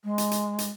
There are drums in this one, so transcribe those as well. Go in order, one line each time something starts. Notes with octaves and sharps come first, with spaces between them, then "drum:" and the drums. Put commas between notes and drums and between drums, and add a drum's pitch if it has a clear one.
G#3
drum: hi-hat
drum: hi-hat
drum: hi-hat